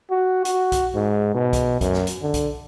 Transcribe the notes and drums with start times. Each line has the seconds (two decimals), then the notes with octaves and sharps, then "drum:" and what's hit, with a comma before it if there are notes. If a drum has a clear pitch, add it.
0.11 F#4
0.45 F#4, drum: hi-hat
0.72 drum: kick B1, hi-hat
0.95 G#2
1.34 B2
1.53 drum: kick B1, hi-hat
1.81 F#2, drum: kick B1, hi-hat
1.93 drum: snare
2.07 drum: hi-hat
2.22 D3
2.34 drum: kick B1, hi-hat